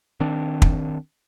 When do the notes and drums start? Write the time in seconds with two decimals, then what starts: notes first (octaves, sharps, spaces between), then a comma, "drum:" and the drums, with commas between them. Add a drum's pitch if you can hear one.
0.20 D#3 C4 D4
0.62 drum: kick